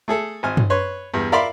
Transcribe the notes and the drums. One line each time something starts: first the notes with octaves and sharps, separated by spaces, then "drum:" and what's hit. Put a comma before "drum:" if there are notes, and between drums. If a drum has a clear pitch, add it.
A3 G#4 A4
G#1 G#5 F6
drum: tom
B4 C#5 C6
E2 G2
A#4 D5 E5 F5 B5 C6